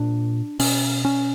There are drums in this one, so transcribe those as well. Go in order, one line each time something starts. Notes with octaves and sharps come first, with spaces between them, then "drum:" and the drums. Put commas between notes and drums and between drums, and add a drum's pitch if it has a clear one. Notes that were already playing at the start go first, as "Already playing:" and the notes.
Already playing: A#2 D4
B2 C#4, drum: open hi-hat
C#4